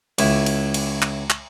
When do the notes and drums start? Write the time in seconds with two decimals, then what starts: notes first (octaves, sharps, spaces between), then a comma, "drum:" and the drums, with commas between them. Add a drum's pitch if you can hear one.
0.18 C#2 E4, drum: cymbal
0.46 drum: cymbal
0.74 drum: cymbal
1.02 drum: clap
1.30 drum: clap